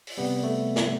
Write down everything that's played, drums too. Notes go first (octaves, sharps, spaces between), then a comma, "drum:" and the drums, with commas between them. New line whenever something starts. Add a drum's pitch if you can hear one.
drum: open hi-hat
C3 G3 B3
A3
drum: snare